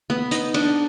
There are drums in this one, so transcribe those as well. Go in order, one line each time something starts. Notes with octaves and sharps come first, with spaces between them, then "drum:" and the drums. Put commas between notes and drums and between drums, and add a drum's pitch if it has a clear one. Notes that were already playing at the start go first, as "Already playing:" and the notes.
B3
D#4, drum: hi-hat
D4, drum: cymbal